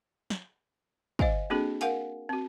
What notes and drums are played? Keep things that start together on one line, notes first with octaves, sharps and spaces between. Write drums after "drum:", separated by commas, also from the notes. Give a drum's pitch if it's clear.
drum: snare
C5 D#5 F5 G#5, drum: kick
A#3 C4 D4 F#4 G#4 A4
A#4 F5 F#5 G#5, drum: hi-hat
C4 F#4